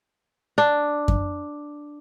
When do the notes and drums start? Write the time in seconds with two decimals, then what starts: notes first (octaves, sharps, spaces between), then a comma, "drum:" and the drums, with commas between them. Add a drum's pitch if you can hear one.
0.58 D4
1.08 drum: kick F#2